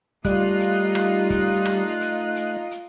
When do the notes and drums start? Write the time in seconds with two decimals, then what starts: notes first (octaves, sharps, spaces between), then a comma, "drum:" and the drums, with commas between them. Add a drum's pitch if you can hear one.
0.25 G3 A3 D#4 F4 D#5 F#6, drum: kick, hi-hat
0.60 drum: hi-hat
0.95 drum: rim click
1.30 drum: kick, hi-hat
1.65 drum: rim click
2.01 drum: hi-hat
2.36 drum: hi-hat
2.71 drum: hi-hat